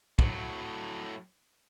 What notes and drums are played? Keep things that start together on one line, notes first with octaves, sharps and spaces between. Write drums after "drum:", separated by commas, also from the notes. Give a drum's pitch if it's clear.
A2 F#3, drum: kick